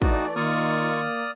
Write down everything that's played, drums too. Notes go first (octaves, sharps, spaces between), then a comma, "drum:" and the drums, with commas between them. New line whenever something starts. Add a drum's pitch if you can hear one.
E3 A3 D#4 F#4 D5, drum: kick
D#3 A#3 F4 D5 C#6 D#6 F6